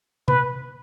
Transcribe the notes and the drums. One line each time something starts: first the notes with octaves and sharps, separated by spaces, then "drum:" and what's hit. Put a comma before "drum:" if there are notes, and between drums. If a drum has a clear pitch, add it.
B4, drum: tom C3